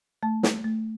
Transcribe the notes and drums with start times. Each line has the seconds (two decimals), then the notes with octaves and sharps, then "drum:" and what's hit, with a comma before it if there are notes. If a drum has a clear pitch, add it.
0.23 A3 A5
0.43 drum: snare
0.64 A3